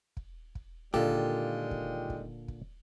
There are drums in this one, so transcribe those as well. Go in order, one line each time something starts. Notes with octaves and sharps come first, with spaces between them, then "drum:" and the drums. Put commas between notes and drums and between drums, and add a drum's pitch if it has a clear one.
drum: kick
drum: kick
A#2 D3 D#3 G3 G#3 F4 G4 A4, drum: kick
drum: kick
drum: kick
drum: kick